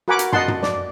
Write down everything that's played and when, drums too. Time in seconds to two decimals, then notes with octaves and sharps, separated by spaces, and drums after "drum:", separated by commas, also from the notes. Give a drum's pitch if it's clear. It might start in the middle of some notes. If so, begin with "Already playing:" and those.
0.08 F#4 A#4 F#5 G#5 B5 D6
0.19 drum: hi-hat
0.33 D#5 F#5 A5 C6, drum: tom
0.48 drum: tom
0.63 D5, drum: snare